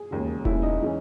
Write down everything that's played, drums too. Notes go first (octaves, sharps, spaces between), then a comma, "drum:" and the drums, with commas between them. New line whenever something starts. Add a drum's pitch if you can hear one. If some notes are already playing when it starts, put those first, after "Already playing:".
Already playing: G#4
E1 D#2 C#3
E1 D#2 C#3 E4, drum: kick E1
D#4
E3 G#3 C#4